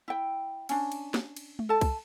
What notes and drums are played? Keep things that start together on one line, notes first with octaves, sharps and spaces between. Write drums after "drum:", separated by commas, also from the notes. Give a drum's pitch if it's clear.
E4 G5
C#4 D4, drum: cymbal
drum: cymbal
drum: snare
drum: cymbal
drum: tom G#3
A4 A5
drum: kick C2, cymbal